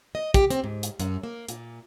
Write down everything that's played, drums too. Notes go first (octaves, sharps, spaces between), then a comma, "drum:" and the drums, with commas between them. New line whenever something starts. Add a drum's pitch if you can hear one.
D#5
G4, drum: kick, hi-hat
C4, drum: hi-hat
G#2
drum: hi-hat
F#2, drum: hi-hat
A#3
A#2, drum: hi-hat